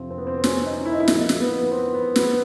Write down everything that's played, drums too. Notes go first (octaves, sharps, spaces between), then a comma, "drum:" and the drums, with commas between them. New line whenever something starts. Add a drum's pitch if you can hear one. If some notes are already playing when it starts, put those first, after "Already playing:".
Already playing: F2 C3 F3 C4
C4
B3
C4
C#4, drum: snare
D#4
E4
D#4
E4
A#2 F3, drum: snare
drum: snare
B3
B3
C4
B3
B3, drum: snare